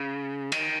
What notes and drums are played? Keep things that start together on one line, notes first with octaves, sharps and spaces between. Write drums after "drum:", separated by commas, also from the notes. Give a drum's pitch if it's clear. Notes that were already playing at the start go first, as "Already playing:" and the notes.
Already playing: C#3
D#3, drum: cymbal